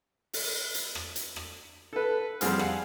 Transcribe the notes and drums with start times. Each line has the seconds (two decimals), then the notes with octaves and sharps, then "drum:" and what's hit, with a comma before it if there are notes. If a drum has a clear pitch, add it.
0.33 drum: open hi-hat
0.75 drum: hi-hat
0.95 drum: rim click
1.16 drum: hi-hat
1.36 drum: rim click
1.93 A4 B4
2.41 F2 G3 C4 G#4 F#5 F6, drum: hi-hat
2.59 F5 F#5, drum: rim click